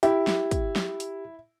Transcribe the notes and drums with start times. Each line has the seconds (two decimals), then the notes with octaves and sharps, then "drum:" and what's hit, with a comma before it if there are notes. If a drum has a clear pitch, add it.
0.03 E4 G4, drum: hi-hat
0.27 drum: snare
0.51 drum: kick, hi-hat
0.76 drum: snare
1.00 drum: hi-hat